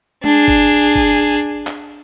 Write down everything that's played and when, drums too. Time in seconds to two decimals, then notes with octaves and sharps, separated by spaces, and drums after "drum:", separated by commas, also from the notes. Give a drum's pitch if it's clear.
0.24 D4 G#4, drum: tom G#3
0.48 drum: kick
0.95 drum: kick
1.67 drum: clap